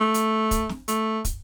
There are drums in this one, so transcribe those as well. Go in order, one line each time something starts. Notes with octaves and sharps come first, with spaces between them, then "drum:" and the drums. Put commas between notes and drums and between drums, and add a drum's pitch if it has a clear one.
A3
drum: hi-hat
drum: kick, hi-hat
drum: snare
A3, drum: hi-hat
drum: kick, hi-hat